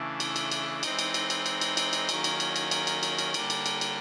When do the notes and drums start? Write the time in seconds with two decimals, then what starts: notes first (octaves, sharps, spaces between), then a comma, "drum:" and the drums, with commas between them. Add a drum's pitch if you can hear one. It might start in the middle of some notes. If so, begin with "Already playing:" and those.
Already playing: C#3 E3 A3 D4
0.20 drum: cymbal
0.36 drum: cymbal
0.51 drum: cymbal
0.83 E3 G#3 C4 D#4, drum: cymbal
0.99 drum: cymbal
1.14 drum: cymbal
1.30 drum: cymbal
1.46 drum: cymbal
1.61 drum: cymbal
1.77 drum: cymbal
1.93 drum: cymbal
2.09 D#3 F#3 A#3 C#4, drum: cymbal
2.24 drum: cymbal
2.40 drum: cymbal
2.56 drum: cymbal
2.71 drum: cymbal
2.87 drum: cymbal
3.03 drum: cymbal
3.19 drum: cymbal
3.34 D3 G3 A#3, drum: cymbal
3.50 drum: cymbal
3.66 drum: cymbal
3.81 drum: cymbal